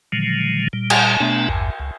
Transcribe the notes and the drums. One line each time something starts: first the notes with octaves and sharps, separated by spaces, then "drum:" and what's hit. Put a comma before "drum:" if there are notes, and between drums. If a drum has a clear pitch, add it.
A#2 D3 D#3 F3 F#3 G#3
A#2 G3
drum: cymbal
B2 A3 B3 D4 E5
A1 E2 G2
C#2